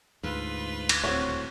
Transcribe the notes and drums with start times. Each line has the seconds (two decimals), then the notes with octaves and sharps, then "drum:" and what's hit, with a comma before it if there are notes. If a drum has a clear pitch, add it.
0.23 D2 G#2 F4 B4
0.89 drum: cymbal
1.04 D#1 A2 C4 F#4 C#5